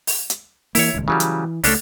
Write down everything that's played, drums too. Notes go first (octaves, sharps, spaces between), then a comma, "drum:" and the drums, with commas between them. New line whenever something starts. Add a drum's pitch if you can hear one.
drum: open hi-hat
drum: hi-hat
E3 A#3 E4 C#5, drum: open hi-hat
D#1 C#2
C#3 E3 F#3 G3
drum: hi-hat
C#2 A3 C#4 D4 A4, drum: open hi-hat